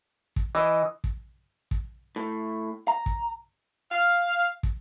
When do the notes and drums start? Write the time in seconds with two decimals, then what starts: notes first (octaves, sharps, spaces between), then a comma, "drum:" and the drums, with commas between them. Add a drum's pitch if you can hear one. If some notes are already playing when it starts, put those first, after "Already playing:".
0.36 drum: kick
0.55 E3 D#5
1.04 drum: kick
1.71 drum: kick
2.16 A2
2.88 A#5
3.06 drum: kick
3.92 F5
4.63 drum: kick